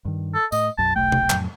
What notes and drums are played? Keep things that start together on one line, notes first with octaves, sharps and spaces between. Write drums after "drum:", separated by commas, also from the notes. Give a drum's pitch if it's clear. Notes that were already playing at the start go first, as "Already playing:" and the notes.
G2 D#3
A4
A2 D#5, drum: tambourine
B1 F#2 A5
E1 B1 A3 G5
drum: tom C3
F2 A2 F#3, drum: clap